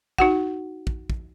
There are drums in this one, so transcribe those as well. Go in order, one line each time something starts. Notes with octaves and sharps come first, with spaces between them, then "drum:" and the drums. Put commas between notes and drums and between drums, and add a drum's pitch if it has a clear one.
D#4 F#4 F#5, drum: kick
drum: kick
drum: kick